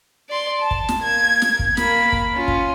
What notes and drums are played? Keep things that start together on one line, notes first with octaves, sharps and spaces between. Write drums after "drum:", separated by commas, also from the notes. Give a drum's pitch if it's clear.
D5 C6
A5
drum: kick
drum: snare
A#3 G#6
drum: snare
drum: kick
A#3 B5, drum: snare
drum: kick
C#4 F4
drum: kick